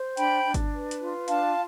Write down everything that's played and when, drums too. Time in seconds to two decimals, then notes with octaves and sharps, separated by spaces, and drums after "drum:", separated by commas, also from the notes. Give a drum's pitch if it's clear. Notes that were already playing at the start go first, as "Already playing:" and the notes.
Already playing: C5
0.17 D4 G5 B5, drum: hi-hat
0.45 D4
0.54 drum: kick G1, hi-hat
0.73 B4
0.91 drum: hi-hat
1.01 F4
1.28 D4 F5 A5, drum: hi-hat